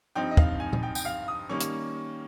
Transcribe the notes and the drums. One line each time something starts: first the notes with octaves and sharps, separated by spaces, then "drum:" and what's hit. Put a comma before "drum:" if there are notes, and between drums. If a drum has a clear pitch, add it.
G2 F3 C4 D#4 G5
D#5
F5, drum: kick
G#5
drum: tom A#2
G5
G5, drum: tambourine
F5
D#6
D#3 G3 A#3 C#4 C#6
drum: hi-hat